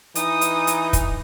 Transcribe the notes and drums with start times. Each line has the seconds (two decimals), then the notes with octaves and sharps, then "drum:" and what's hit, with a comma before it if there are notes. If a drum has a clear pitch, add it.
0.15 E3 D#4 D#6, drum: hi-hat
0.41 drum: hi-hat
0.67 drum: hi-hat
0.93 drum: kick, hi-hat